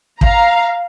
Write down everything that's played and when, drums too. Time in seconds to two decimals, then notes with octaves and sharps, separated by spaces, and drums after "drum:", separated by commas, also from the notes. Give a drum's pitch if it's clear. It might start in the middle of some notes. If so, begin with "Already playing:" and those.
0.21 F5 A#5, drum: kick